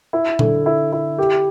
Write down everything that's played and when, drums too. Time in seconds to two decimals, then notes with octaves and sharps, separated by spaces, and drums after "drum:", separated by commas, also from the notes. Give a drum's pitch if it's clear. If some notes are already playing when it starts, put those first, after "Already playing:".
0.13 E4
0.39 D3, drum: tom A#2
0.66 E4
0.92 E4
1.18 G4